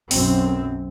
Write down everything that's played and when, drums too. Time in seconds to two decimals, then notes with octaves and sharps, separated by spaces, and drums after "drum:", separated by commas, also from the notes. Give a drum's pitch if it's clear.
0.11 B1 F#2 C4, drum: open hi-hat